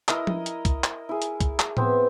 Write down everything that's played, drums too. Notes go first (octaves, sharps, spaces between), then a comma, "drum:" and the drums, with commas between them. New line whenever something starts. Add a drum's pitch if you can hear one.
E4 A#4 D#5, drum: clap
drum: tom F3
drum: hi-hat
drum: kick, hi-hat
drum: clap
E4 G#4
drum: hi-hat
drum: kick, hi-hat
drum: clap
B3 C4 E5, drum: tom A2